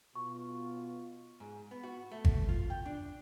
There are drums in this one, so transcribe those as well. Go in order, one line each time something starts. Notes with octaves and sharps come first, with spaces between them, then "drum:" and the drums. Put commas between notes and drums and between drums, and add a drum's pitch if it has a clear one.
B2 F4 C#6
G#2
B3
F#4
A3
drum: kick G#1
F4
G5
D4